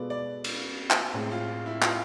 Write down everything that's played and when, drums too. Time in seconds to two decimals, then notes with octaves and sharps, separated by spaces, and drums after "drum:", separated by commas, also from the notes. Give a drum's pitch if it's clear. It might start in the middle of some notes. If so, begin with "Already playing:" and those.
Already playing: B2 G#3 B3 F4 A4 D5
0.10 D5
0.44 drum: cymbal
0.91 drum: clap
1.14 A2 G#3 C4
1.32 F4
1.66 E4
1.82 F4, drum: clap